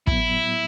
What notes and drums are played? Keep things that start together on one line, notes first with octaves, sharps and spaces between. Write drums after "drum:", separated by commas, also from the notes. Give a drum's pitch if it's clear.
A2 F#3 B3 E4, drum: kick